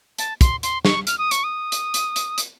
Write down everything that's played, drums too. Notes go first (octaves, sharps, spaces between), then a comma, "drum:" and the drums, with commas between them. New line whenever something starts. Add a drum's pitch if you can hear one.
A5, drum: hi-hat
C6, drum: kick, hi-hat
C6, drum: hi-hat
C#6, drum: snare
F6, drum: hi-hat
D#6
C#6, drum: hi-hat
D#6
drum: hi-hat
drum: hi-hat
drum: hi-hat
drum: hi-hat